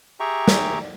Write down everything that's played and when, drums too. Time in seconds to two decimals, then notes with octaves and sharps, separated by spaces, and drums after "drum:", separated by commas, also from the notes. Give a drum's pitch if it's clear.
0.20 G4 G#4 E5 G5 A#5 C#6
0.48 drum: snare